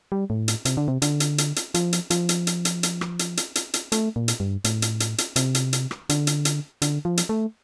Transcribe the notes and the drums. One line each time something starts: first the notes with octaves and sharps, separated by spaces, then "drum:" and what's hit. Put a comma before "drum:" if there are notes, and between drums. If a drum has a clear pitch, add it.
G3
A2
drum: hi-hat
C3, drum: hi-hat
D3
C3
D3, drum: hi-hat
drum: hi-hat
drum: hi-hat
drum: hi-hat
F3, drum: hi-hat
drum: hi-hat
F3, drum: hi-hat
drum: hi-hat
drum: hi-hat
drum: hi-hat
drum: hi-hat
drum: rim click
drum: hi-hat
drum: hi-hat
drum: hi-hat
drum: hi-hat
A3, drum: hi-hat
A#2
drum: hi-hat
G2
A2, drum: hi-hat
drum: hi-hat
drum: hi-hat
drum: hi-hat
C3, drum: hi-hat
drum: hi-hat
drum: hi-hat
drum: rim click
D3, drum: hi-hat
drum: hi-hat
drum: hi-hat
D3, drum: hi-hat
F3
drum: hi-hat
A3